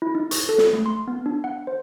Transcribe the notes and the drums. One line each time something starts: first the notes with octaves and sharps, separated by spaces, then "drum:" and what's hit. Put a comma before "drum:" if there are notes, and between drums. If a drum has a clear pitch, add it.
E4
D#4
C#6, drum: hi-hat
A4
drum: snare
A3
C6
B3
D4
F#5
C5